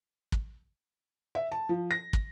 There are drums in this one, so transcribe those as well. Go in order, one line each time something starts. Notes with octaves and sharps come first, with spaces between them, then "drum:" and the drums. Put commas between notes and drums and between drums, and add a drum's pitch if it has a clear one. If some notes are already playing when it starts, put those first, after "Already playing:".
drum: kick
E5
A5
F3
A#6
drum: kick